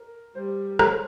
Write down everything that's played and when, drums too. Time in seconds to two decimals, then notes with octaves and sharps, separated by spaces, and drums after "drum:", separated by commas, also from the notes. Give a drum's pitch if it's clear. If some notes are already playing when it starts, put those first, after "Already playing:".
Already playing: A#4
0.35 G3 C5
0.79 C#5, drum: rim click
0.90 C5